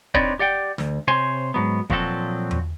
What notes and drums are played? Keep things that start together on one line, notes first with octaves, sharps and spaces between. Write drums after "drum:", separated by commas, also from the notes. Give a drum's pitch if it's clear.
C4 D4 D#4 B4 C#5 D5, drum: kick
G4 D5 F#5 G5
D2, drum: snare
C3 C5 C#5 G#5 C6
G#2 F#3 B3
A#2 F3 F#3 C4 F#4 A4, drum: kick
drum: tom E2